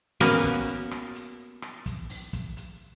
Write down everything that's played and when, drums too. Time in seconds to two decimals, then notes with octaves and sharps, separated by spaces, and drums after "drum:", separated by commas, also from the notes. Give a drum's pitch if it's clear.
0.20 A#3 B3 C#4 F#4, drum: open hi-hat
0.44 drum: kick, hi-hat
0.68 drum: hi-hat
0.91 drum: rim click
1.15 drum: hi-hat
1.62 drum: rim click
1.86 drum: kick, hi-hat
2.10 drum: open hi-hat
2.33 drum: kick, hi-hat
2.57 drum: hi-hat